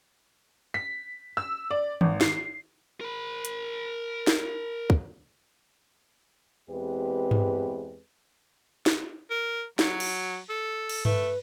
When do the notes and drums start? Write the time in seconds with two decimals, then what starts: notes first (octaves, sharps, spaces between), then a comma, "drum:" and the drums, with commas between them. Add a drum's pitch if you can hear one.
0.74 B6
1.37 E6
1.71 D5
2.01 G#1, drum: tom D#3
2.21 C7, drum: snare
3.01 A#4 B5
3.45 drum: hi-hat
4.27 drum: snare
4.90 drum: kick
6.70 E2 G#3 C4 G4 B4
7.31 drum: tom G2
8.86 drum: snare
9.30 A#4
9.79 F#3, drum: snare
10.00 drum: cymbal
10.49 A4
10.89 drum: cymbal
11.05 A3 B4, drum: tom G2